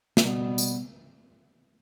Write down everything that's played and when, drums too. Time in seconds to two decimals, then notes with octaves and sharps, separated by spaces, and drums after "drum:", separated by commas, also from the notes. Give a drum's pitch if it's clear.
0.17 B2 G3 B3, drum: snare
0.58 drum: tambourine